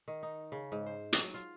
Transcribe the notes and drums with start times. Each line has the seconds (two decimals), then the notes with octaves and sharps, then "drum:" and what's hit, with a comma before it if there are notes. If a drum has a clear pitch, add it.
0.08 D#3
0.23 D#4
0.52 C#3
0.72 G#2
0.86 C5
1.13 F#3, drum: hi-hat
1.34 F4